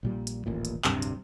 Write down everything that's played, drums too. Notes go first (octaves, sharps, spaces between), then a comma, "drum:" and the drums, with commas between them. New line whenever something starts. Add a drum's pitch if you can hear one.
A#1 A#2 G3
drum: hi-hat
D#1 A1 A#2
drum: hi-hat
D1 G1 G2 C3, drum: clap
drum: hi-hat